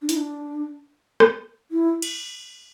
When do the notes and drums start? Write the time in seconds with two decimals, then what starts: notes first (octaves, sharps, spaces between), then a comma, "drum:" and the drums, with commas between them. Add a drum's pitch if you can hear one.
0.02 D4
0.09 E4, drum: hi-hat
0.16 D4
1.20 drum: rim click
1.71 E4
2.02 drum: cymbal